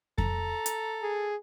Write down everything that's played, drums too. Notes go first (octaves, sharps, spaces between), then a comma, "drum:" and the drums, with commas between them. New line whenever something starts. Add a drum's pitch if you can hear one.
A4 A#5, drum: kick F2
drum: hi-hat
G#4